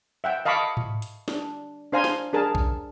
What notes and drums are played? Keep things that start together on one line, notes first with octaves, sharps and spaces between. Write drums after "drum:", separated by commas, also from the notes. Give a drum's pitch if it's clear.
E5 F#5 G5
D#5 F5 A5 B5 C#6 D6
drum: tom G#2
drum: hi-hat
D4, drum: snare
D4 C5 F5 G#5 A#5 C6
drum: snare
D4 G#4 A#4 A5
drum: kick A#1